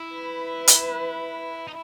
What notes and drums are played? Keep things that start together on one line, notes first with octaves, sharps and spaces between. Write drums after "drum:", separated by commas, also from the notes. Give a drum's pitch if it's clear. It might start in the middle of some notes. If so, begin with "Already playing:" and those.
Already playing: E4
B4
drum: hi-hat
D#4